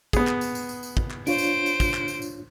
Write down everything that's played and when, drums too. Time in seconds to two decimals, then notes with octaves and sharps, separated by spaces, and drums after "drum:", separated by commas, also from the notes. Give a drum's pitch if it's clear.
0.13 B3 G#4, drum: kick, tambourine
0.27 drum: clap
0.41 drum: tambourine
0.55 drum: tambourine
0.69 drum: tambourine
0.83 drum: tambourine
0.97 drum: kick
1.11 drum: clap
1.27 D4 F4 C5 C#5 D7, drum: tambourine
1.38 drum: tambourine
1.66 drum: tambourine
1.80 drum: kick, tambourine
1.94 drum: clap
2.08 drum: tambourine
2.22 drum: tambourine